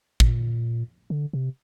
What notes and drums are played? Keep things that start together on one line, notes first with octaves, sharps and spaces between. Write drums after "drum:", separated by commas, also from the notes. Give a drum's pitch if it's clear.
A#2, drum: kick A1
D3
C3